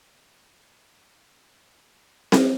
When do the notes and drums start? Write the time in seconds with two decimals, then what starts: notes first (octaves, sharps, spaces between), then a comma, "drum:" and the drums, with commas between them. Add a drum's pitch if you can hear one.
0.04 F3
0.77 F#4 A#4
2.32 drum: snare C4